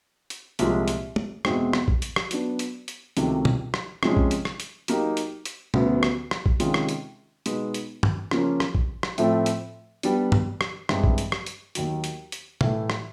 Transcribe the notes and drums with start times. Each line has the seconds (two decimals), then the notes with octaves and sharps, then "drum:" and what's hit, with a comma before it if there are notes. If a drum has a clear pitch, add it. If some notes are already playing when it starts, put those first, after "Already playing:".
0.30 drum: hi-hat
0.59 C2 A#2 F3 G#3, drum: hi-hat
0.88 drum: hi-hat
1.16 drum: tom
1.45 E2 B2 G#3 C4, drum: rim click
1.73 drum: rim click
1.88 drum: kick
2.02 drum: hi-hat
2.16 drum: rim click
2.31 F#3 B3 D4, drum: hi-hat
2.59 drum: hi-hat
2.88 drum: hi-hat
3.17 C#2 C3 D#3 F#3 A3, drum: hi-hat
3.45 drum: tom
3.74 drum: rim click
4.03 C3 F3 G#3 C#4, drum: rim click
4.17 drum: kick
4.31 drum: hi-hat
4.45 drum: rim click
4.60 drum: hi-hat
4.88 F#3 A#3 D#4 G4, drum: hi-hat
5.17 drum: hi-hat
5.45 drum: hi-hat
5.74 D2 C#3 F#3 B3, drum: tom
6.03 drum: rim click
6.31 drum: rim click
6.46 drum: kick
6.60 C3 D#3 G#3 C#4 F4, drum: hi-hat
6.74 drum: rim click
6.89 drum: hi-hat
7.46 B2 G#3 B3 D#4, drum: hi-hat
7.74 drum: hi-hat
8.03 drum: tom
8.31 C#3 F3 A#3 C#4, drum: rim click
8.60 drum: rim click
8.75 drum: kick
9.03 drum: rim click
9.18 A2 F3 A3 C4, drum: hi-hat
9.46 drum: hi-hat
10.03 G3 B3 D4, drum: hi-hat
10.32 drum: tom
10.61 drum: rim click
10.89 G2 E3 G#3 C4, drum: rim click
11.04 drum: kick
11.18 drum: hi-hat
11.32 drum: rim click
11.46 drum: hi-hat
11.75 D#2 D#3 F#3, drum: hi-hat
12.04 drum: hi-hat
12.32 drum: hi-hat
12.61 A2 E3 A3, drum: tom
12.90 drum: rim click